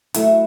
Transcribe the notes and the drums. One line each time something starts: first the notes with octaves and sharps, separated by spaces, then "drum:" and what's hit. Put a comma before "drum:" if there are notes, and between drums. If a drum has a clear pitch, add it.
F#3 A3 E4, drum: hi-hat